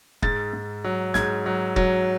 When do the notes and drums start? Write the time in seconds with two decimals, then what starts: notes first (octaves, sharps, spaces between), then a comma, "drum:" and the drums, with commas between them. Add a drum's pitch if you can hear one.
0.22 G#2 A6, drum: kick
0.53 G#2
0.84 F#3
1.14 G#2 G#6, drum: snare
1.46 F#3
1.76 F#3, drum: kick